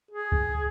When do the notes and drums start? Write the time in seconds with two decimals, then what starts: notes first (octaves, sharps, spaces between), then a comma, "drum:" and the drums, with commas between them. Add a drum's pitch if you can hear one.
0.11 G#4
0.32 drum: kick C#2